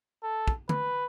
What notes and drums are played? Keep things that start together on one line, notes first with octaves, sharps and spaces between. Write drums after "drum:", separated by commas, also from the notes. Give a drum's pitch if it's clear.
A4
drum: kick
B4, drum: tom